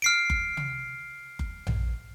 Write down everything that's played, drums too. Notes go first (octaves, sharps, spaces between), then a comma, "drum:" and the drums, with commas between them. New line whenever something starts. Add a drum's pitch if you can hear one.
F6 C7 D7
drum: kick F#1
drum: tom
drum: kick F#1
drum: tom A#1